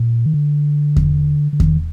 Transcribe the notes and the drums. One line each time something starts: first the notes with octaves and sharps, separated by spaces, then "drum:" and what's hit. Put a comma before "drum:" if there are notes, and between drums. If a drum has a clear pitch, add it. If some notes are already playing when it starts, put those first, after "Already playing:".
Already playing: A#2
D#3
D3
drum: kick E2
D3
D#3, drum: kick E2